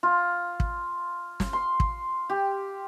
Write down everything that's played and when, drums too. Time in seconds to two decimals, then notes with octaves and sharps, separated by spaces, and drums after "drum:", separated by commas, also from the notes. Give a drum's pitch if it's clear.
0.03 F4
0.60 drum: kick
1.40 drum: snare
1.53 C6
1.80 drum: kick
2.30 G4